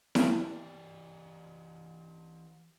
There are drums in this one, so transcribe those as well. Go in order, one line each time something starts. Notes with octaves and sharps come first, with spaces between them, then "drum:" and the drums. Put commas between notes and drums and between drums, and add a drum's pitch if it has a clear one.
drum: snare E4
E3 G4 D5